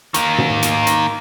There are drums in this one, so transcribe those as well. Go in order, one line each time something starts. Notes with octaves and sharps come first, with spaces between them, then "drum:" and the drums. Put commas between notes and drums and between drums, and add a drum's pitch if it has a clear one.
D#3 A#3, drum: hi-hat
drum: tom
drum: hi-hat
drum: hi-hat